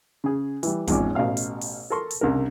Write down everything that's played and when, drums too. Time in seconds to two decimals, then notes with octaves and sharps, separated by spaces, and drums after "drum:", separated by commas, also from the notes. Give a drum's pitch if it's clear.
0.24 C#3 G#4
0.63 E3 G3, drum: hi-hat
0.88 G#1 E2 G#2 F3 C#4 D6, drum: kick, hi-hat
1.15 A1 B2 F5 F6
1.37 drum: hi-hat
1.61 drum: open hi-hat
1.90 A4 A#4 A5 C6 C#6
2.11 drum: hi-hat
2.21 C2 C#3 D4 A#4